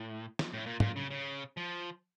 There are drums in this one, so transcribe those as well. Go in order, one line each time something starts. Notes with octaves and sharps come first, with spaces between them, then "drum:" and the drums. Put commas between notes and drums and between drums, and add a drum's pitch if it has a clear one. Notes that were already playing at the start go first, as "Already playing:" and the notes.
Already playing: A2
drum: snare
A2
A#2
A#2, drum: tom
C#3
C#3
F3